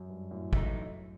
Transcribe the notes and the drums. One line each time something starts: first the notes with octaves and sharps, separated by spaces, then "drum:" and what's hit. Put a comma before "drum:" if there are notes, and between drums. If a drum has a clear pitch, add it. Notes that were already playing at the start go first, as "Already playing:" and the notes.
Already playing: F#2
G2
F#2 A2
E3 A3 D#4, drum: kick